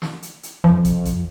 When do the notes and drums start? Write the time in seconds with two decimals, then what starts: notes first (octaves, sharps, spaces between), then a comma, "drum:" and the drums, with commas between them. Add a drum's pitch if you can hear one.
0.02 drum: snare
0.22 drum: hi-hat
0.43 drum: hi-hat
0.64 F2 F3
0.85 drum: kick, hi-hat
1.06 drum: kick, hi-hat